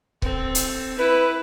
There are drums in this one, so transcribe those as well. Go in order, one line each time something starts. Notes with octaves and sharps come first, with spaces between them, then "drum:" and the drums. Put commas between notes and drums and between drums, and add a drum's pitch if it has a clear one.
C4 A4, drum: kick C#1
drum: hi-hat
E4 B4